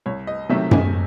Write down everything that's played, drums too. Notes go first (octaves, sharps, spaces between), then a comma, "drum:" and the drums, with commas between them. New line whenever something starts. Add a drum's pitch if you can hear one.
C2 C#5
D#5
C3 D#3 F#3 A3 E5
G#5, drum: tom F#2